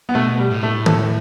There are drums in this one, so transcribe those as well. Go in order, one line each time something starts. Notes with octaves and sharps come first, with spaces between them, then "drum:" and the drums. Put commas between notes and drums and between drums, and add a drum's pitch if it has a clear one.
B3
B2 A3
G3
A2
A3
A4, drum: tom